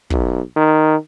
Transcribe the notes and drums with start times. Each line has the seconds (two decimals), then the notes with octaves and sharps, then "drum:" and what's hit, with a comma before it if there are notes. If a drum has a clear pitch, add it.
0.10 B1, drum: kick
0.56 D#3